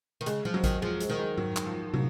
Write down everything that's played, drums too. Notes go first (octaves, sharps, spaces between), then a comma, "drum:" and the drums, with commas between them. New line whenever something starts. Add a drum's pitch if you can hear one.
D#3
C#3 G#3, drum: hi-hat
F3, drum: tom F#3
F#3
D#3, drum: kick A1, hi-hat
F3 G#3
G#3, drum: hi-hat
D#3
G#3
F#3, drum: tom G#2
drum: clap
F3
F#3, drum: tom